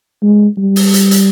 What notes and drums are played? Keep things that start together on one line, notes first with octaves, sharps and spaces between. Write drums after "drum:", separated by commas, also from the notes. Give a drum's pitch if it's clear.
G#3
G3
drum: open hi-hat
drum: hi-hat
drum: hi-hat